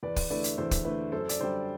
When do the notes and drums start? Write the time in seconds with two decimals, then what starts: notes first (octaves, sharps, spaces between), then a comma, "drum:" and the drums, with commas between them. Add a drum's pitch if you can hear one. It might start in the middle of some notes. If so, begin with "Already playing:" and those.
0.03 E2 B4 D5
0.16 drum: kick, open hi-hat
0.30 D3 A3 E4 B4 D5
0.44 drum: hi-hat
0.58 E2 A4 C5
0.71 drum: kick, hi-hat
0.84 D3 A3 E4 B4
1.12 F#2 A4 C5
1.29 D5, drum: hi-hat
1.40 D3 G3 A4 C5